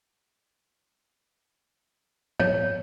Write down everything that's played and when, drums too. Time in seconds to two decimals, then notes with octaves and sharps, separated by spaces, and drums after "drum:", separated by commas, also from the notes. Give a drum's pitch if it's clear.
2.40 C#5, drum: tom